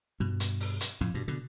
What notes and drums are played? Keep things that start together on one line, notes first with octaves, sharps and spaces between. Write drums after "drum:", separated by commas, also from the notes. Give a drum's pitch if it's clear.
G2 B2
drum: hi-hat
drum: open hi-hat
drum: hi-hat
F2 A2
G2 B2
B2 D3